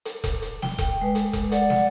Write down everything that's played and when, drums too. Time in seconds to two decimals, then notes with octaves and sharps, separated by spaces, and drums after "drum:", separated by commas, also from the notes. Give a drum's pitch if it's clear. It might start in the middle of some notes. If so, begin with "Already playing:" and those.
0.05 drum: hi-hat
0.24 drum: kick E1, hi-hat
0.42 drum: hi-hat
0.62 G5, drum: snare
0.78 drum: kick E1, hi-hat
1.01 G#3 B4
1.15 drum: hi-hat
1.33 drum: kick E1, hi-hat
1.52 D5 F#5, drum: hi-hat
1.70 drum: snare